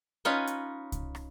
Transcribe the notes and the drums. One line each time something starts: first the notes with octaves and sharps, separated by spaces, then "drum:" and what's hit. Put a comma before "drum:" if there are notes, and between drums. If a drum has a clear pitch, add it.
C#4 D#4 F4 B4 C#5 D#5
drum: hi-hat
drum: kick C2, hi-hat
drum: rim click